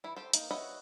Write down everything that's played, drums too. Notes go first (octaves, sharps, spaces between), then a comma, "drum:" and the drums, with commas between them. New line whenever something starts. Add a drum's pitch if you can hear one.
E3 E4
G4 A4 C5
A#3 D#4, drum: hi-hat
F#4 B4 C#5 D#5 E5